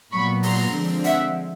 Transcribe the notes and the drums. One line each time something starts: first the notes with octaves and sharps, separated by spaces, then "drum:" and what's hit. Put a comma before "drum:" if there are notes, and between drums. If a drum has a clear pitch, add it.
A#2 F#3 B3 B5 C#6
A#5 C6, drum: open hi-hat
D3 F3 G#3 C4
E5 F#5, drum: hi-hat